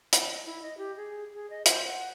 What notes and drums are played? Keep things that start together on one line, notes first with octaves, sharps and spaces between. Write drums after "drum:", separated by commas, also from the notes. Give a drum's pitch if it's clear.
drum: hi-hat
D#5
E4
D#5
G4
G#4
G#4
D#5
C5, drum: hi-hat
F#5